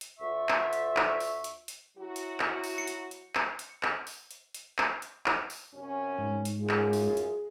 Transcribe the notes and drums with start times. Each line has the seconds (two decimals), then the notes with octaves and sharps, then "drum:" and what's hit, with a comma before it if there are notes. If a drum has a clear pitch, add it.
0.01 drum: hi-hat
0.20 D2 F4 E5 C#6
0.49 drum: clap
0.73 drum: hi-hat
0.97 drum: clap
1.20 drum: open hi-hat
1.44 drum: hi-hat
1.68 drum: hi-hat
1.97 F#3 E4 F#4
2.16 drum: hi-hat
2.40 drum: clap
2.64 drum: open hi-hat
2.78 C#7
2.87 drum: hi-hat
3.11 drum: hi-hat
3.35 drum: clap
3.59 drum: hi-hat
3.83 drum: clap
4.07 drum: open hi-hat
4.31 drum: hi-hat
4.54 drum: hi-hat
4.78 drum: clap
5.02 drum: hi-hat
5.26 drum: clap
5.50 drum: open hi-hat
5.74 F#2 C3 C#4
6.18 G#2
6.45 drum: hi-hat
6.60 F#2 F4 G#4
6.69 drum: clap
6.93 drum: open hi-hat
7.17 drum: hi-hat